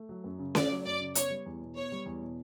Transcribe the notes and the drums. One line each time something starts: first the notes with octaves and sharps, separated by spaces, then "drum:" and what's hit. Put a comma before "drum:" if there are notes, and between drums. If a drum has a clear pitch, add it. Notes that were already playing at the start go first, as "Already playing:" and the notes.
Already playing: A3
F#3
F#2
C#3
A3 D5, drum: snare C#4
F#3
F#2 D5
C#3
B3 C#5, drum: hi-hat
G3
E2
B2
B3 C#5
G3
E2
B2